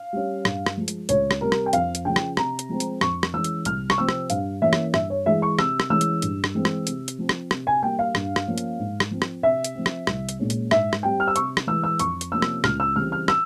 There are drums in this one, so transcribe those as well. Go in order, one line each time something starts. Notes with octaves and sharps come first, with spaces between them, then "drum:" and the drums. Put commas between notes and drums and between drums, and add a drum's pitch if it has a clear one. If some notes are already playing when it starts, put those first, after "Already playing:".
Already playing: F5
G3 C#4
G2, drum: rim click
drum: rim click
F3 G#3
drum: hi-hat
C#2 C#5, drum: hi-hat
drum: rim click
C3 G3 A#4
drum: rim click
G5
F2 F5, drum: hi-hat
drum: hi-hat
C#3 F3 G5
drum: rim click
C3 A#5, drum: rim click
drum: hi-hat
F3 G#3 C4
drum: hi-hat
F2 C#6, drum: rim click
drum: rim click
E3 G#3 C#4 E6
drum: hi-hat
C2 F6, drum: hi-hat
C#6, drum: rim click
C3 F3 C4 E6
drum: rim click
G2 F5, drum: hi-hat
E3 A#3 C#4 E5
drum: rim click
G2 E5, drum: rim click
C#5
E3 G#3 E5
C#6
C3 E6, drum: rim click
drum: rim click
E3 G#3 C#4 E6
drum: hi-hat
G2, drum: hi-hat
drum: rim click
E3 G#3 C4
drum: rim click
C3, drum: hi-hat
drum: hi-hat
F3 C4
drum: rim click
C3, drum: rim click
G#5
G3 A#3 G5
F5
G2, drum: rim click
drum: rim click
F3 A#3 C#4
drum: hi-hat
G#2
drum: rim click
F3 C4
drum: rim click
C3 E5
drum: hi-hat
F3 C4
drum: rim click
C2, drum: rim click
drum: hi-hat
A#2 G#3 C#4
drum: hi-hat
G#2 E5, drum: rim click
drum: rim click
G3 C4 G5
F6
E6
C3 C#6, drum: hi-hat
drum: rim click
E3 G#3 E6
E6
F2 C#6, drum: hi-hat
drum: hi-hat
C3 F3 A#3 C#4 E6
drum: rim click
C#2 F6, drum: rim click
E6
C#3 E3 G3 C4 F6
F6
E6, drum: rim click